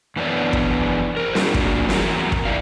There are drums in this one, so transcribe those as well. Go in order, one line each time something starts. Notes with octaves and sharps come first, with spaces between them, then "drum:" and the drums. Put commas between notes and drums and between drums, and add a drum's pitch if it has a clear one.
F#2 E3 B3 D4 C#5 D5
drum: kick
A#4 C5
F#3 G3 A#3 D4 F4 F#4, drum: snare
drum: kick
E2 F#3 A#4, drum: snare
drum: kick
D#4 E4 A4 B4 D5 F5